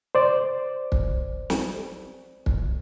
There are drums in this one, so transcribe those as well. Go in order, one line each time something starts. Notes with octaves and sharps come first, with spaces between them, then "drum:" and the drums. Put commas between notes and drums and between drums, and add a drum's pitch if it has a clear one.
C5 D5
drum: kick
drum: snare
drum: kick